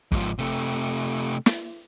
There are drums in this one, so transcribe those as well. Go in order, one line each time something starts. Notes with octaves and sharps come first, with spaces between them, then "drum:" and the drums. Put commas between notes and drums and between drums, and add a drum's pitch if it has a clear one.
G#2 F3, drum: kick
C3 A3
drum: snare